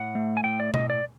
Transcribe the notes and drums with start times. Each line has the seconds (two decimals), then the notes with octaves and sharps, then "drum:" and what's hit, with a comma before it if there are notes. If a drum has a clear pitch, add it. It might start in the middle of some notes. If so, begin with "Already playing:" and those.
Already playing: A2 F#5
0.15 A3
0.37 G#5
0.44 A2 G5
0.60 D5
0.74 A2 D#5, drum: tom B2
0.90 D5